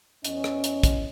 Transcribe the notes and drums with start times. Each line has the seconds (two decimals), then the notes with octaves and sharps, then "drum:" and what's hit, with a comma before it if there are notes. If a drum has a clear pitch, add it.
0.25 E2 C#4 D#5, drum: hi-hat
0.44 drum: rim click
0.64 drum: hi-hat
0.83 drum: kick, hi-hat